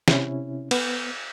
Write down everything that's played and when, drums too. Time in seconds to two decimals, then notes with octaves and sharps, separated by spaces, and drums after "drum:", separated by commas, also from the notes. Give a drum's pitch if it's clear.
0.08 C3 C#4 E4, drum: snare
0.71 B3, drum: cymbal